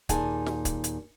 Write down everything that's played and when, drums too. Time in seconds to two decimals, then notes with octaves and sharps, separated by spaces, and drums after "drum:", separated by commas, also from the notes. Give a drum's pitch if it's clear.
0.09 D#2 A#2 D#4 G#4 G#5 A5, drum: kick C#1, hi-hat
0.46 drum: snare
0.65 drum: kick C#1, hi-hat
0.84 drum: hi-hat